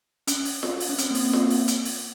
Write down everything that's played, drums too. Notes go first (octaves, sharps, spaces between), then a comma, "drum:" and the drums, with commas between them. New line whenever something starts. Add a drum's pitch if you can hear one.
C#4, drum: hi-hat
drum: open hi-hat
drum: snare F4
drum: open hi-hat
C#4
C4, drum: hi-hat
A#3
C4, drum: open hi-hat
A#3, drum: snare F4
drum: open hi-hat
drum: hi-hat
drum: open hi-hat